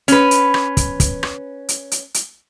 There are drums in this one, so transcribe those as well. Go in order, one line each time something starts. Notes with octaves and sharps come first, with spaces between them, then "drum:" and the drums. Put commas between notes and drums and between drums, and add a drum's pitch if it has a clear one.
C#4 B4, drum: hi-hat
drum: hi-hat
drum: rim click
drum: kick, hi-hat
drum: kick, hi-hat
drum: rim click
drum: hi-hat
drum: hi-hat
drum: hi-hat